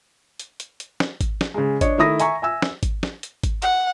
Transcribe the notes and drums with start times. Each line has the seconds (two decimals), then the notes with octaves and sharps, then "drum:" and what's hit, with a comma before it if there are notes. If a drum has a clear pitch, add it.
0.40 drum: hi-hat
0.60 drum: hi-hat
0.80 drum: hi-hat
1.00 drum: snare
1.21 drum: kick G#1, hi-hat
1.41 drum: snare
1.54 C#3 G#3
1.81 D4 C#5 D#5, drum: kick G#1, hi-hat
1.98 D#3 A3 E4 D#6 A#6
2.20 E5 G#5 A#5 C#6, drum: hi-hat
2.42 E5 G#5 E6
2.62 drum: snare
2.83 drum: kick G#1, hi-hat
3.03 drum: snare
3.23 drum: hi-hat
3.43 drum: kick G#1, hi-hat
3.62 F#5, drum: hi-hat